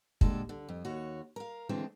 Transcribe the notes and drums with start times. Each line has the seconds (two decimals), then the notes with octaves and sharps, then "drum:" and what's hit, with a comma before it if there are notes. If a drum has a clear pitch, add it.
0.21 A#2 D3 G3 G#3 D4 A4, drum: kick
0.49 D3
0.69 F2
0.85 D#2 F#4 C#5
1.36 A#4 F5
1.69 D3 E3 G#3 A3 C4